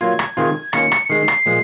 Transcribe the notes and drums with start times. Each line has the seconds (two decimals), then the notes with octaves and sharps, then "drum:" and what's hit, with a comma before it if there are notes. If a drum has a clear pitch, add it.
0.01 F#3 A#3 F4 G#6
0.19 drum: rim click
0.37 D#3 G#3 C4 F4
0.73 D#3 A#3 C#4 F4 C#7, drum: rim click
0.92 drum: rim click
1.05 C#7
1.10 D#3 G#3 D#4 C7
1.28 drum: rim click
1.46 A#2 F3 G#3